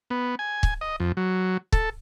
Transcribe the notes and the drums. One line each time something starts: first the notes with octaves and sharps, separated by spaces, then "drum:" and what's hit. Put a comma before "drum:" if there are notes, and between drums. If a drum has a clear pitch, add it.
B3
G#5
drum: kick
D#5
F2
F#3
A4, drum: kick